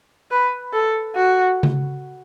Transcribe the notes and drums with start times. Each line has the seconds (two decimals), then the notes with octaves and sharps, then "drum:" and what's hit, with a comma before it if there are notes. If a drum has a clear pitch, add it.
0.31 B4
0.74 A4
1.16 F#4
1.63 drum: tom C#3